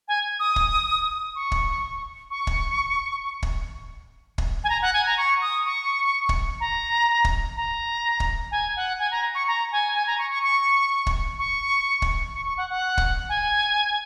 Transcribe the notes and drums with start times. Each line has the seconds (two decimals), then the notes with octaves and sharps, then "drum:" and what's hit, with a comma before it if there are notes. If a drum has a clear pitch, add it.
0.08 G#5
0.40 D#6
0.56 drum: kick
1.36 C#6
1.52 drum: kick
2.31 C#6
2.47 drum: kick
3.43 drum: kick
4.38 drum: kick
4.64 G#5
4.70 A#5
4.82 F#5
4.94 G#5
5.06 A#5
5.18 C#6
5.41 D#6
5.66 C#6
6.29 drum: kick
6.60 A#5
7.25 drum: kick
7.56 A#5
8.20 drum: kick
8.51 G#5
8.76 F#5
8.99 G#5
9.11 A#5
9.35 C#6
9.48 A#5
9.72 G#5
9.95 G#5
10.07 A#5
10.18 C#6
10.30 C#6
10.43 C#6
11.07 drum: kick
11.39 C#6
12.02 drum: kick
12.34 C#6
12.46 C#6
12.58 F#5
12.70 F#5
12.98 drum: kick
13.29 G#5